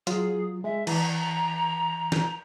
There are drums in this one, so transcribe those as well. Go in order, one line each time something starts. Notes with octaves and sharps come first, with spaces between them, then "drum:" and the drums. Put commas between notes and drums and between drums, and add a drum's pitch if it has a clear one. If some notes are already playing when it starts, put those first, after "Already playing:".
F#3 F4 G#4, drum: hi-hat
G#3 E5
E3 A#5, drum: cymbal
G6, drum: snare